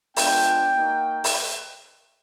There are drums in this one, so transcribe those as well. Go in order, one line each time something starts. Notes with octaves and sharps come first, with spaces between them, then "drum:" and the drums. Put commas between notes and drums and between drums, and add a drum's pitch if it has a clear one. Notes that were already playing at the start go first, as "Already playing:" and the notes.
G#3 B3 D4 F4 G5, drum: open hi-hat
A#3 D#4 F#4
drum: open hi-hat